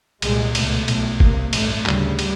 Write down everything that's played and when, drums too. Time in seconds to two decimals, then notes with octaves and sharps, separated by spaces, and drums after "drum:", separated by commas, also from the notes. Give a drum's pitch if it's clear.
0.22 C2 A#2 G#3, drum: cymbal
0.55 C#2 B2 A3, drum: cymbal
0.88 B1 A2, drum: cymbal
1.20 C2 C3 A#3, drum: kick G#1
1.53 A1 G2 A3, drum: cymbal
1.86 D2 C#3 G3, drum: clap
2.19 drum: cymbal